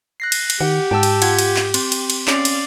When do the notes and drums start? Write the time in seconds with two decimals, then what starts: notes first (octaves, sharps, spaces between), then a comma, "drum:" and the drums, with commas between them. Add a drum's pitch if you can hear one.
0.20 F#6 A#6 C7
0.32 drum: cymbal
0.50 drum: cymbal
0.61 D#3 G4 F#5
0.91 G#2 G5 A5 E6
1.03 drum: cymbal
1.22 F4 F#5 G#6, drum: cymbal
1.39 drum: cymbal
1.56 drum: clap
1.74 C4 C6, drum: cymbal
1.92 drum: cymbal
2.10 drum: cymbal
2.28 C#4 D5 F5, drum: clap
2.45 drum: cymbal